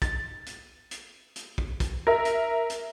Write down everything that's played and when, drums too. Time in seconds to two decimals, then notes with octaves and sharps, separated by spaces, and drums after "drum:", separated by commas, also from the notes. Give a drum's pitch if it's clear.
0.02 A6, drum: kick, hi-hat
0.46 drum: hi-hat
0.91 drum: hi-hat
1.36 drum: hi-hat
1.58 drum: kick
1.80 drum: kick, hi-hat
2.07 A#4 E5
2.25 drum: hi-hat
2.70 drum: hi-hat